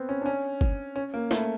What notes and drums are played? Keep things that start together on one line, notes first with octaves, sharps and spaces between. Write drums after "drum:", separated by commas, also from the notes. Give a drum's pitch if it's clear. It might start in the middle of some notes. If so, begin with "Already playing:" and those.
Already playing: B3 C4
C#4
D4
C#4
drum: kick, tambourine
C#4, drum: tambourine
A#3
A3, drum: snare